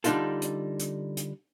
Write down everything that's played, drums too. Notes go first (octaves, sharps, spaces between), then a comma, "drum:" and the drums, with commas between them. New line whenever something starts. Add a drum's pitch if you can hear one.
D3 G3 D4 D#4 F4 A4, drum: hi-hat
drum: hi-hat
drum: hi-hat
drum: hi-hat